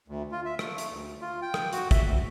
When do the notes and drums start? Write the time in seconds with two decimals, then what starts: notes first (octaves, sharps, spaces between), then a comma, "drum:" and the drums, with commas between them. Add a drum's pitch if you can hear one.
0.08 D2
0.32 F4
0.46 E5
0.59 A3, drum: rim click
0.78 drum: hi-hat
0.91 D2
1.21 F4
1.42 G5
1.54 drum: rim click
1.73 F#4, drum: hi-hat
1.91 E5, drum: kick, hi-hat
2.05 D2